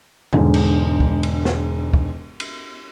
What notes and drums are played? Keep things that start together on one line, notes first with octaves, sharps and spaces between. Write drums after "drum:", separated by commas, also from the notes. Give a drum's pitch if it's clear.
E1 G#2 D3, drum: tom E2
drum: cymbal
drum: kick
drum: cymbal
drum: snare
drum: kick
drum: cymbal